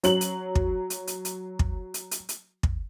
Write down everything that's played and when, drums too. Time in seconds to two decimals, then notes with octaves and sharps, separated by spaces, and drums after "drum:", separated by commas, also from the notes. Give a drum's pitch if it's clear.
0.04 F#3 F#7, drum: hi-hat
0.21 drum: hi-hat
0.55 drum: kick
0.90 drum: hi-hat
1.07 drum: hi-hat
1.25 drum: hi-hat
1.59 drum: kick
1.94 drum: hi-hat
2.11 drum: hi-hat
2.29 drum: hi-hat
2.63 drum: kick